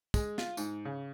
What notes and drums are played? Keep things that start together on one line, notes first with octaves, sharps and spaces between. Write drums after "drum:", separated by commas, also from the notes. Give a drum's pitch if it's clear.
G#3, drum: kick, tambourine
F4, drum: snare
G#2, drum: tambourine
C#3